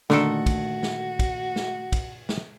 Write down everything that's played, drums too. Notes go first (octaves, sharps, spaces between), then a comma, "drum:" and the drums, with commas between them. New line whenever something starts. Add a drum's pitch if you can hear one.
A#2 D3 D#3 A3 F#4 A4, drum: snare
drum: kick, cymbal
drum: snare
drum: kick, cymbal
drum: snare
drum: kick, cymbal
drum: snare